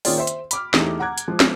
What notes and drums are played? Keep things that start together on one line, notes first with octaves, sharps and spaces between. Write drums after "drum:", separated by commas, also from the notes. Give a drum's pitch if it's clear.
D#3 A#3 C#4 F4 G#4 D5, drum: open hi-hat
C5 E5 C6
drum: hi-hat
B5 D6 F6, drum: hi-hat
E2 A3 D#4 E4 G4, drum: snare
F#5 A#5 D6 F#6 G#6
drum: hi-hat
F3 G#3
drum: snare